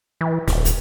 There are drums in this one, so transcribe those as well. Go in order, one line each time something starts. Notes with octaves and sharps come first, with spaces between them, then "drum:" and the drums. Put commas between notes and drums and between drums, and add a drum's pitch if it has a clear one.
E3
D#1, drum: snare
drum: kick, hi-hat